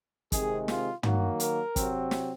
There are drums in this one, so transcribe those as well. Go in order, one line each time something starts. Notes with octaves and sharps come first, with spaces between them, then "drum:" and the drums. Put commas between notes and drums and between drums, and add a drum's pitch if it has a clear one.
C3 D#3 G#3 C4 G#4, drum: kick, hi-hat
F4, drum: snare
D#3 F#3 A#3 F#4, drum: tom
A#4, drum: hi-hat
C3 F#3 C4, drum: kick, hi-hat
drum: snare